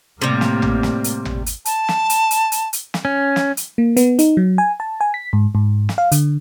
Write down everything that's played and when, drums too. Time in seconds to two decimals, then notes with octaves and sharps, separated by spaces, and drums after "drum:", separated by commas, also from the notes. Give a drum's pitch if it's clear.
0.22 A2 C3 G3 A#3
0.41 drum: snare
0.62 drum: tom
0.83 drum: snare
1.04 drum: hi-hat
1.25 drum: tom
1.46 drum: hi-hat
1.65 A5, drum: hi-hat
1.89 drum: snare
2.10 drum: hi-hat
2.31 drum: hi-hat
2.52 drum: hi-hat
2.73 drum: hi-hat
2.94 drum: snare
3.05 C#4
3.36 drum: snare
3.57 drum: hi-hat
3.78 A#3
3.97 B3, drum: hi-hat
4.19 D#4, drum: hi-hat
4.37 F#3
4.58 G#5
4.80 A5
5.01 G#5
5.14 B6
5.33 G#2
5.55 G#2
5.89 drum: snare
5.98 F5
6.12 D3, drum: hi-hat